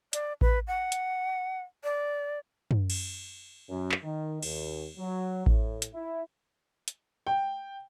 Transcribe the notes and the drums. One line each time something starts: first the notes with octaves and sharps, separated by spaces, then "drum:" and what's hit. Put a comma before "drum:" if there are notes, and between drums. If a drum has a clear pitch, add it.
D5, drum: hi-hat
B4, drum: kick A1
F#5
drum: hi-hat
D5
drum: tom
drum: cymbal
F#2
drum: clap
D#3
D#2, drum: cymbal
F#3
A2, drum: kick A1
drum: hi-hat
E4
drum: hi-hat
G5